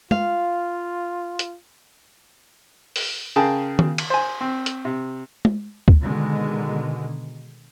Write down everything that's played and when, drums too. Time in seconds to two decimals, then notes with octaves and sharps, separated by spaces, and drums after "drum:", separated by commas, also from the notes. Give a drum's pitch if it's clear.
0.11 F4 F5, drum: tom
1.39 drum: hi-hat
2.96 drum: open hi-hat
3.36 C#3 G#4 A#4 G5 A5
3.79 drum: tom D#3
3.98 drum: cymbal
4.10 C5 G#5
4.41 C4
4.66 drum: hi-hat
4.85 C3
5.45 drum: tom
5.88 drum: kick D2
6.01 B2 D3 D#3 G#3